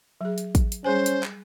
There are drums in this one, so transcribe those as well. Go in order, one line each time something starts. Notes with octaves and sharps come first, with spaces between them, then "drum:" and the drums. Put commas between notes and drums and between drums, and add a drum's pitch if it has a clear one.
F#3 G#4
drum: hi-hat
drum: kick, hi-hat
drum: hi-hat
G3 C#4 G#4 C5 G#5
drum: hi-hat
drum: clap